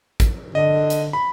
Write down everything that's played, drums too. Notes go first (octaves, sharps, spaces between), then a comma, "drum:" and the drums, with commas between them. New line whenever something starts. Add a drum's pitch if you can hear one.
drum: kick, hi-hat
D3 D#5
drum: hi-hat
B5